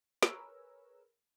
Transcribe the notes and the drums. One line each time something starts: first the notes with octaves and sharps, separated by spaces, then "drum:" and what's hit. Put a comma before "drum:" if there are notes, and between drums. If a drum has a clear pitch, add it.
G#4 A#4 B4 C#5 E6, drum: snare